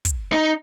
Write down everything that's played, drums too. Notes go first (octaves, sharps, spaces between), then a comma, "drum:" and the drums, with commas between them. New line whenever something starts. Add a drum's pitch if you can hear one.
drum: kick, hi-hat
D#4